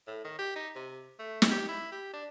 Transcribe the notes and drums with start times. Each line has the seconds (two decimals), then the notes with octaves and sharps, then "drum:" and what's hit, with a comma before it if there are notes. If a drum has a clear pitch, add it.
0.07 A2
0.25 D#3
0.39 G4
0.56 D#4
0.76 C3
1.19 A3
1.42 drum: snare
1.51 G4
1.68 E4
1.92 G4
2.13 D4